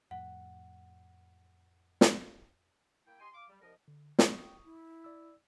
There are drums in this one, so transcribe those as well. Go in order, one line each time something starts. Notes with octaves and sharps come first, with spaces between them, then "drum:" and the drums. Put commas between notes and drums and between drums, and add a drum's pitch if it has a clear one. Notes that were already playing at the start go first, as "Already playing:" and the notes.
F2 A2 F#5
drum: snare
A#3 E4 G5
G4 D#5 G#5 C6
F5 D6
G3
C2 F3 A#4 D#5
D3
C#6 D#6, drum: snare
G5
E4
D5 E6